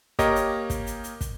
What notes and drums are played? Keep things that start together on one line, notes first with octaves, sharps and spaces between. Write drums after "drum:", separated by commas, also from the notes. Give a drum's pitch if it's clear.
A#3 G4 A#4 C#5 D#5, drum: kick, hi-hat
drum: hi-hat
drum: kick, hi-hat
drum: hi-hat
drum: hi-hat
drum: kick, hi-hat